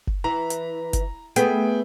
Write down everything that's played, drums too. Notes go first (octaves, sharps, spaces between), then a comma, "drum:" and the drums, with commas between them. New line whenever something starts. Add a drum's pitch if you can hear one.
drum: kick F#1
E3 A#5
drum: hi-hat
drum: kick F#1, hi-hat
A3 B3 G#4 G5, drum: hi-hat